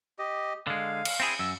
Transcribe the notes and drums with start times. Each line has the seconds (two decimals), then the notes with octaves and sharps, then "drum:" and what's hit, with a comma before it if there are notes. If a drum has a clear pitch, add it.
0.19 G4 D#5
0.67 D3 G#3 F5
1.05 drum: cymbal
1.20 C4 E4 G#4
1.39 F#2 E6